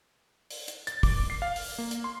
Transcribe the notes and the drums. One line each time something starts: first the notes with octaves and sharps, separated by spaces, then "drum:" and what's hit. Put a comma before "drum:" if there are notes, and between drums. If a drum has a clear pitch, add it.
drum: open hi-hat
drum: hi-hat
A6, drum: hi-hat
D6, drum: kick, open hi-hat
C7
F5
drum: open hi-hat
A#3
drum: hi-hat
C6